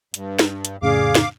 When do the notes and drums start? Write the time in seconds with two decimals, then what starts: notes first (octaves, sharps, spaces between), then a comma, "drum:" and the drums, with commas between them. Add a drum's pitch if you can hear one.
0.14 G2, drum: hi-hat
0.39 drum: snare
0.65 drum: hi-hat
0.82 F2 A2 C#3 G#4 D5 F5 D6
1.15 drum: snare